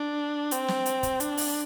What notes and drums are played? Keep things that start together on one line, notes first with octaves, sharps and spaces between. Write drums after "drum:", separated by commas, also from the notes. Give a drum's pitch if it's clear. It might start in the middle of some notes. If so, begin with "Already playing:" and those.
Already playing: D4
C4, drum: hi-hat
drum: snare
drum: hi-hat
drum: kick, hi-hat
D4, drum: hi-hat
drum: open hi-hat